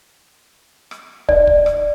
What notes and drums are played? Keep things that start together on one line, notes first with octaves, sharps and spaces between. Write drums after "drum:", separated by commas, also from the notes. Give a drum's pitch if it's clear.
drum: rim click
D5, drum: kick
drum: kick
drum: rim click